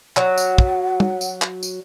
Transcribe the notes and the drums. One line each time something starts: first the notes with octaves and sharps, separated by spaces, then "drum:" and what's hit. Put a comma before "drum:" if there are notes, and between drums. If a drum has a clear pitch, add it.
F#3 F#5, drum: clap
drum: tambourine
drum: kick
drum: tom
drum: tambourine
drum: clap
drum: tambourine